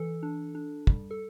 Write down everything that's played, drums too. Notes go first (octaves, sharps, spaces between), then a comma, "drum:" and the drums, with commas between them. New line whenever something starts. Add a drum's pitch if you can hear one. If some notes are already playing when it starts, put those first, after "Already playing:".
Already playing: E3 A4
D4
D4
G3, drum: kick
A4